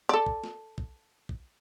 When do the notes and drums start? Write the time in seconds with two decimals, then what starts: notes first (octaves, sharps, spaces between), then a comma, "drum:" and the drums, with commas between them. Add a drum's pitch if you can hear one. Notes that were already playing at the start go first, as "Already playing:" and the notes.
0.09 A4 D5
0.26 drum: kick
0.44 drum: snare
0.78 drum: kick
1.29 drum: kick